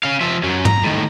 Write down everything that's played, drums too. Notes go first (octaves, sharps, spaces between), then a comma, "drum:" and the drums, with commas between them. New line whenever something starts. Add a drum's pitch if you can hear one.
C#4 F5
F3 E5
F#2 F#3
A#5, drum: tom
A2 D#3